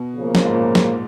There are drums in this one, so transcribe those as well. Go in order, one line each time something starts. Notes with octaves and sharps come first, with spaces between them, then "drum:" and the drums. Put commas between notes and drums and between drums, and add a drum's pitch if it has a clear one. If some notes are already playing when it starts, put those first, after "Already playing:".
Already playing: B2
C#3 F3 A#3
drum: snare
G#2
A#2
drum: snare